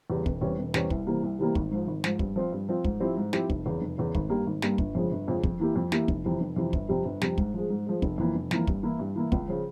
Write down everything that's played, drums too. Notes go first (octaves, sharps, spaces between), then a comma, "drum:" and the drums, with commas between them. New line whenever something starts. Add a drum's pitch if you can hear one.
E2 C#3 G3
E1, drum: kick
E2 C3 G3 C#4
E1
E2 C3 G3 C#4, drum: snare
C2, drum: kick
C3 E3 G3 A#3
C2
C3 E3 G3 A#3
G#1, drum: kick
G#2 F3
G#1
G#2 F3, drum: snare
G2, drum: kick
F3 C4 F4
G2
F3 C4 F4
G#2, drum: kick
F3 C4 E4 G4
G#2
F3 C4 E4 G4, drum: snare
F1, drum: kick
E2 C#3
F1
E2 C#3
G#1, drum: kick
G2 G3 A#3
G#1
G2 G3 A#3, drum: snare
G1, drum: kick
F2 C#3 F3 G#3
G1
F2 C#3 F3 G#3
F2, drum: kick
E3 A#3 E4 G4
F2
E3 A#3 E4 G4, drum: snare
F1, drum: kick
F2 C3 E3
F1
F2 C3 E3
G1, drum: kick
F2 C3 G3
G1
F2 C3 G3, drum: snare
G#2, drum: kick
F3 G#3
G#2
F3 G#3
F1, drum: kick
F2 E3 A#3
F1
F2 E3 A#3, drum: snare
G2, drum: kick
E3 A#3 E4
G2
E3 A#3 E4
C#2, drum: kick
C#3 F3